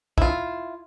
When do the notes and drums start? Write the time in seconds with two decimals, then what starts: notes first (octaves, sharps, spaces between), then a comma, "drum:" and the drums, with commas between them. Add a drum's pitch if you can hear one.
0.18 E4 F4, drum: kick